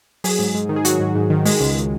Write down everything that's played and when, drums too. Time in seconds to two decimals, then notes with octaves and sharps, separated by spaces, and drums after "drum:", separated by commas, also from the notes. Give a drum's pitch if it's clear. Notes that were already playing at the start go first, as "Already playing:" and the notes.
0.24 F#3 G#4, drum: open hi-hat
0.39 G#2
0.55 G#2
0.69 D#3
0.76 G#4
0.85 F#3 F#4, drum: hi-hat
1.00 G#2
1.15 G#2
1.30 D#3
1.45 G#3, drum: open hi-hat
1.61 C#2